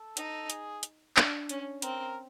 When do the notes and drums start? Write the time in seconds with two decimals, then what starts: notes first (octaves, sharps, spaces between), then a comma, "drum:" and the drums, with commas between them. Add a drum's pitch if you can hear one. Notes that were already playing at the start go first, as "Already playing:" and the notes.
Already playing: A4
0.17 D#4, drum: hi-hat
0.50 G#4, drum: hi-hat
0.83 drum: hi-hat
1.17 D4, drum: clap
1.49 C#4, drum: hi-hat
1.82 C4 A#4, drum: hi-hat